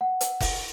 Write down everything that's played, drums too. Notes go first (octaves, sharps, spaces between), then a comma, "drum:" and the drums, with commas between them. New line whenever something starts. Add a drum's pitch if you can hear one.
F#5
drum: hi-hat
drum: kick F1, open hi-hat